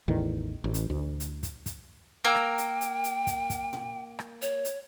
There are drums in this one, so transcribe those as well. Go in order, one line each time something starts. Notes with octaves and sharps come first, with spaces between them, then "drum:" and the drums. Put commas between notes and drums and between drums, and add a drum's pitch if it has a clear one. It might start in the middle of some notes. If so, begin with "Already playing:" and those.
A1 E2 A2 D#3
A1
drum: hi-hat
D2
drum: hi-hat
drum: kick, hi-hat
drum: kick, hi-hat
A#3 G5 A#5 E6
drum: rim click
drum: hi-hat
drum: hi-hat
drum: hi-hat
drum: kick, hi-hat
drum: kick, hi-hat
drum: tom A#2
drum: rim click
C#5, drum: hi-hat
drum: hi-hat